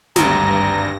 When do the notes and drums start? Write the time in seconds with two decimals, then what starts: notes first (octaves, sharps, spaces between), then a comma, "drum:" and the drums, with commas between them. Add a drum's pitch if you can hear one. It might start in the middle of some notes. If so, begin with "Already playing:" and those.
0.16 G#1 D2 G2 A#5 A#6, drum: snare